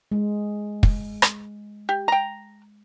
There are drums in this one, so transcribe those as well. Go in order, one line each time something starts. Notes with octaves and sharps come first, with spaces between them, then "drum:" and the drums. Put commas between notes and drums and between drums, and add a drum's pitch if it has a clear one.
G#3
drum: kick
drum: rim click
G4
G5 A#5